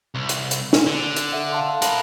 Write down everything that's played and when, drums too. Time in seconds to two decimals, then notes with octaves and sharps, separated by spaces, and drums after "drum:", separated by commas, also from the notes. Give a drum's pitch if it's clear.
0.15 C2
0.29 drum: hi-hat
0.51 drum: hi-hat
0.73 drum: snare
0.86 D3
1.16 drum: hi-hat
1.32 A4 E5 F#5
1.52 F5 A5 C6
1.82 A#4 F#5 A5 B5, drum: hi-hat